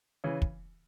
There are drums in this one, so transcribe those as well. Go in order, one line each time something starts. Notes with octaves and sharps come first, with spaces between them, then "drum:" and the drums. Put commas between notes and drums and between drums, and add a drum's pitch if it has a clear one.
C#3 E3
drum: kick